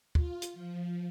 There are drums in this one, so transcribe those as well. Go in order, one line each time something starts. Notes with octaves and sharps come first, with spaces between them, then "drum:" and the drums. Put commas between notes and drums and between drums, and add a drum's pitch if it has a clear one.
F4, drum: kick
drum: hi-hat
F3